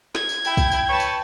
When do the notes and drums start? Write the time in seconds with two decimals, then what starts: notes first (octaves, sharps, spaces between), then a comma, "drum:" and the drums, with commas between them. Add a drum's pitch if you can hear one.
0.15 G#6, drum: snare
0.29 drum: tambourine
0.45 E4 G5, drum: tambourine
0.57 drum: kick, tambourine
0.71 drum: tambourine
0.89 B4 C#5 A5
1.00 drum: tambourine